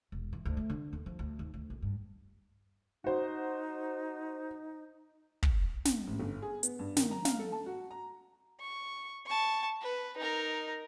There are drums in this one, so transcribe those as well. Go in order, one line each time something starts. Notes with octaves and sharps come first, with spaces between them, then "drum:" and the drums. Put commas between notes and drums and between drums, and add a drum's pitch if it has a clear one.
E1
E3
D2
A3
D3
D#2
F3
D2
D#2
D2
A#1
G2
D#4 F#4 C5
drum: kick
drum: snare
A1
G1
G#4
B3, drum: hi-hat
G2
D#3, drum: snare
A#5
F5, drum: snare
A4
A5
F#4
A#5
C#6
A5 C#6
B4
D#4 A#4